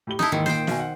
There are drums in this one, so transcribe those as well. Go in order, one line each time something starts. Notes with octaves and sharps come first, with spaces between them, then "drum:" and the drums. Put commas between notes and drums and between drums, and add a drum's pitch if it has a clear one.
A2 G4 G7
D#4 E4 A5 D#6, drum: snare
D#2 G#2 D#3 E3
A#2 C5 G5, drum: snare
B1 F#4 G#5, drum: snare
F#5